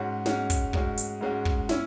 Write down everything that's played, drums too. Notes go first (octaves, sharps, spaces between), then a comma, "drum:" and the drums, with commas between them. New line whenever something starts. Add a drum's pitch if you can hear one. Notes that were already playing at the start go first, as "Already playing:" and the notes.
Already playing: G#2 G#3 C#4 F#4
G#2 G#3 C#4 F#4, drum: snare
drum: kick, hi-hat
G#2 G#3 C#4 F#4, drum: kick
drum: hi-hat
G#2 G#3 C#4 F#4
drum: kick
C#4 E4, drum: snare